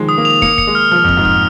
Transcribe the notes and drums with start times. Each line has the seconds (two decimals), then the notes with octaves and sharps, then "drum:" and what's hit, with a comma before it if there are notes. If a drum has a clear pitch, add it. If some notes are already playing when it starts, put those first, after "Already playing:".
Already playing: D#3 F3 G#3
0.09 D#6
0.18 A#3
0.25 F7
0.42 A#3 C#7, drum: kick
0.58 C#7, drum: kick
0.67 G#3
0.75 F6
0.91 F3 F6
1.04 F2
1.09 F6, drum: kick
1.17 G#2
1.25 F6, drum: kick